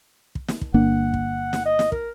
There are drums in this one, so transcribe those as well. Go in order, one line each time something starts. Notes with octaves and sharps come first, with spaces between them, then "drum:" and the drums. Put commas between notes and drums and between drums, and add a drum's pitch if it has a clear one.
drum: kick
drum: snare
drum: kick
G1 A#3 D4 F#5
drum: kick
drum: snare
D#5
drum: snare
A#4, drum: kick